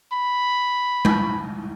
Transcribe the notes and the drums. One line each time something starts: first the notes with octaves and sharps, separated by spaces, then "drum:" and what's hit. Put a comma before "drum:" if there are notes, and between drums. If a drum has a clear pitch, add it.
B5
drum: tom G#3